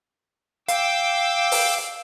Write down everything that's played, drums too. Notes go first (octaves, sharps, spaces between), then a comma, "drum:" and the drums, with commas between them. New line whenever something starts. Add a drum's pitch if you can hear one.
F5 G5 D6 E6, drum: hi-hat
drum: open hi-hat